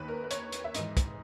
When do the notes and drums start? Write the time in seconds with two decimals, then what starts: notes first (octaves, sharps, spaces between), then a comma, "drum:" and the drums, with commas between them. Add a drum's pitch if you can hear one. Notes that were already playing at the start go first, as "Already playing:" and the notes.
Already playing: D#2 D#3 B4
0.08 A#4
0.24 B4
0.31 C#5, drum: hi-hat
0.52 drum: hi-hat
0.64 E5
0.74 G#2 E3 D#5, drum: hi-hat
0.97 drum: kick, hi-hat